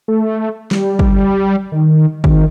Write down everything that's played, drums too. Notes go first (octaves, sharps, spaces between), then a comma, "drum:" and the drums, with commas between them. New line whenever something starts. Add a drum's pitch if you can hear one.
A3
G3, drum: snare
drum: kick
D#3
D#3, drum: kick